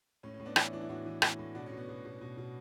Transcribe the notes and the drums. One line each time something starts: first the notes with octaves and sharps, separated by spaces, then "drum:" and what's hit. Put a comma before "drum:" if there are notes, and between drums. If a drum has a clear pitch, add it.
A2 C#4
C#4
A2
B3 D4
E3 C#4 E4, drum: rim click
E3 D4
E4
A2 D4 F#4
E3
A2, drum: rim click
A2
B2 D4 F#4
C#4
B2
B3
B2
B2
B2
B2